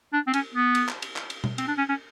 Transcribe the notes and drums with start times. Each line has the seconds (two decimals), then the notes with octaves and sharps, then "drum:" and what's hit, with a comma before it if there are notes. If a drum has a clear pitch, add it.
0.13 D4
0.27 C4
0.34 C#4, drum: cymbal
0.54 B3
0.75 drum: cymbal
0.89 drum: clap
1.02 drum: cymbal
1.16 drum: clap
1.30 drum: cymbal
1.44 drum: tom B2
1.58 C4, drum: cymbal
1.68 D4
1.78 C#4
1.89 C#4